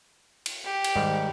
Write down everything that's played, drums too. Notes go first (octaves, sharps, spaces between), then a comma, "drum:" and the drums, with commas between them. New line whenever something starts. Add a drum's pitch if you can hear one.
drum: cymbal
G4
drum: cymbal
G#2 D#3 G3